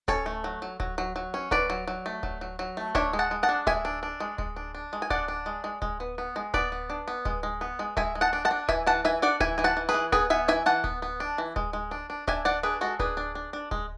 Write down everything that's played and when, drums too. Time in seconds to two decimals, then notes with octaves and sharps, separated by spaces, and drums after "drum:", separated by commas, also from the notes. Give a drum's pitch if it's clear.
0.08 C#4 A4 C#5, drum: kick D1
0.26 A3
0.44 F#3
0.62 F#3
0.80 F#3, drum: kick D1
0.98 F#3
1.16 F#3
1.34 C#4
1.51 F#3 B4 D5, drum: kick D1
1.70 F#3
1.88 F#3
2.06 A3
2.23 F#3, drum: kick D1
2.41 F#3
2.59 F#3
2.77 A3
2.95 D4 C#5 E5, drum: kick D1
3.13 G#3
3.19 F#5 A5
3.31 G#3
3.43 F#5 A5
3.49 D4
3.67 G#3 E5 G#5, drum: kick D1
3.85 D4
4.03 D4
4.20 G#3
4.38 G#3, drum: kick D1
4.56 D4
4.75 D4
4.93 G#3
5.02 G#5
5.10 D4 D5 F#5, drum: kick D1
5.28 D4
5.46 G#3
5.64 G#3
5.82 G#3, drum: kick D1
6.00 B3
6.18 B3
6.36 G#3
6.54 B3 B4 D5, drum: kick D1
6.72 B3
6.90 D4
7.08 B3
7.25 G#3, drum: kick D1
7.43 G#3
7.61 B3
7.79 G#3
7.97 G#3 E5 G#5, drum: kick D1
8.15 G#3
8.21 F#5 A5
8.33 D4
8.45 F#5 A5
8.51 D4
8.68 E3 E5 G#5, drum: kick D1
8.87 E3 F#5 A5
9.05 E3 E5 G#5
9.22 D4 D5 F#5
9.40 E3 E5 G#5, drum: kick D1
9.58 E3 G#5
9.64 F#5 A5
9.77 E3
9.89 G#4 B4
9.94 E3
10.12 B3 G#4 B4, drum: kick D1
10.30 B3 E5 G#5
10.48 E3 E5 G#5
10.66 E3 F#5 A5
10.84 B3, drum: kick D1
11.02 B3
11.20 D4
11.38 E3
11.56 G#3, drum: kick D1
11.73 G#3
11.91 D4
12.10 D4
12.28 D4 E5 G#5, drum: kick D1
12.45 D4 D5 F#5
12.63 D4 G#4 B4
12.81 G#3 F#4 A4
12.99 D4 G#4 B4, drum: kick D1
13.17 D4
13.35 D4
13.53 D4
13.71 G#3, drum: kick D1